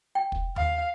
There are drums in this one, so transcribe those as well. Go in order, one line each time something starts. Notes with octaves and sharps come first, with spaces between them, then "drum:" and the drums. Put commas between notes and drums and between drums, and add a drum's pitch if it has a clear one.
G5
drum: kick
F5, drum: tom D#2